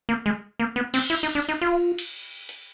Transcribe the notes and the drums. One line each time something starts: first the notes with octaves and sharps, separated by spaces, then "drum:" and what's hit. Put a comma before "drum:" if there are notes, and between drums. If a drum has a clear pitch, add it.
A#3
G#3
A#3
B3
C4, drum: cymbal
E4
D#4
D4
D#4
F4
drum: cymbal
drum: hi-hat